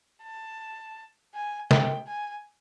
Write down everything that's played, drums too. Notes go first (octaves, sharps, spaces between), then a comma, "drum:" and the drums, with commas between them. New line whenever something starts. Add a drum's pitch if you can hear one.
A5
G#5
G5, drum: snare
G#5